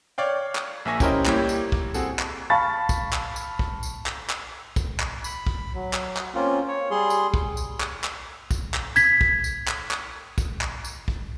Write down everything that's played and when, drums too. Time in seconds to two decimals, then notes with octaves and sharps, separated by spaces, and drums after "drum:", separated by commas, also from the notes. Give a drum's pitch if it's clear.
0.18 C#5 D5 F5 G5
0.55 drum: clap
0.85 A#1 A#3 E5 G#5 C#6 A#6
1.00 C#4 E4 G4 A#4 C5 D#5, drum: kick, tambourine
1.25 G3 A#3 E4 G4 C#5, drum: clap
1.49 drum: tambourine
1.72 drum: kick
1.94 C4 F#4 G#4 A4, drum: tambourine
2.19 drum: clap
2.50 F5 A5 B5 C#6 A6
2.89 drum: kick, tambourine
3.13 drum: clap
3.36 drum: tambourine
3.59 drum: kick
3.83 drum: tambourine
4.06 drum: clap
4.30 drum: clap
4.76 drum: kick, tambourine
5.00 drum: clap
5.24 B5, drum: tambourine
5.47 drum: kick
5.74 F#3
5.93 drum: clap
6.17 drum: clap
6.35 A#3 C4 C#4 F4
6.68 C#5
6.91 G3 G#4 C6
7.10 drum: tambourine
7.34 drum: kick
7.57 drum: tambourine
7.80 drum: clap
8.04 drum: clap
8.51 drum: kick, tambourine
8.74 drum: clap
8.96 G#6 B6, drum: tambourine
9.21 drum: kick
9.44 drum: tambourine
9.68 drum: clap
9.91 drum: clap
10.38 drum: kick, tambourine
10.61 drum: clap
10.84 drum: tambourine
11.08 drum: kick